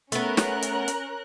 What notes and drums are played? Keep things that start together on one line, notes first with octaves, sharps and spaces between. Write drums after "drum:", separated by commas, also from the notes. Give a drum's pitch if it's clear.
A3 B3 C#4 A#4 F#6, drum: hi-hat
drum: snare
drum: hi-hat
drum: hi-hat